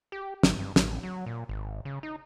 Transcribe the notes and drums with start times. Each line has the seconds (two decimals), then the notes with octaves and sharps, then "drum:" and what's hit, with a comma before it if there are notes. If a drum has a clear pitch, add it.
0.12 G4
0.43 G#1, drum: snare
0.58 G2
0.76 A1, drum: snare
1.03 F#3
1.26 A#2
1.49 G#1
1.85 C#3
2.03 D#4